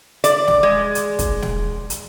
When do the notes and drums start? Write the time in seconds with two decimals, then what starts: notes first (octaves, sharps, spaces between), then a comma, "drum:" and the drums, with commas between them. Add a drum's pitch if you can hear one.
0.24 D5, drum: hi-hat
0.48 drum: snare
0.63 G#3
0.95 drum: hi-hat
1.19 drum: kick, hi-hat
1.42 drum: snare
1.90 drum: hi-hat